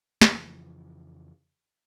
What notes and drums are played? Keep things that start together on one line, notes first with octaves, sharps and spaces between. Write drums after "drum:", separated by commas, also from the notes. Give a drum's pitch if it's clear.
F2 C#3 E3 F3, drum: snare